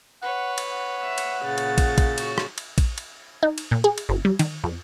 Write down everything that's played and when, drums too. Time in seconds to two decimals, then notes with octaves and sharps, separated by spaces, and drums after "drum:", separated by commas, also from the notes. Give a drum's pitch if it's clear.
0.22 B4 C#5 F#5
0.58 drum: cymbal
0.72 F#5
1.02 E5
1.18 drum: cymbal
1.42 A#2 C#3 A6
1.58 drum: cymbal
1.78 drum: kick, cymbal
1.98 drum: kick, cymbal
2.18 F#4 C#5, drum: cymbal
2.38 drum: rim click
2.58 drum: cymbal
2.78 drum: kick, cymbal
2.98 drum: cymbal
3.43 D#4
3.58 drum: cymbal
3.71 A#2
3.84 G#4
3.98 drum: cymbal
4.09 G1
4.25 G3
4.39 D#3, drum: cymbal
4.64 F2